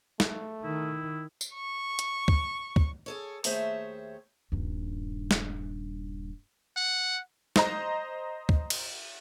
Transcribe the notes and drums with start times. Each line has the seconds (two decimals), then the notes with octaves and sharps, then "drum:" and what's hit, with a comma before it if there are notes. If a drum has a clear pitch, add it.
0.20 A3, drum: snare
0.63 D#3 E4
1.41 drum: tambourine
1.54 C#6
1.99 drum: hi-hat
2.28 drum: kick
2.76 drum: kick
3.06 G#4 A4 C#5
3.44 D#2 A3 G#4 C5 C#5 E5, drum: open hi-hat
4.52 D#1 G2
5.31 drum: snare
6.77 F#5
7.56 C5 D#5 A#5, drum: snare
8.49 drum: kick
8.70 drum: cymbal